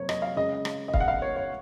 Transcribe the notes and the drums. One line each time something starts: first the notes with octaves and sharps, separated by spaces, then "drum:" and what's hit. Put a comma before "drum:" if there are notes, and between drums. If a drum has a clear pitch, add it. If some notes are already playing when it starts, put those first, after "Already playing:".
Already playing: C3 F#3 A#3 A#4 C5 C#5
D#5, drum: rim click
F5
C#3 G#3 D#5
drum: rim click
D#5
F5, drum: kick
F#5
F5
C#5
C#5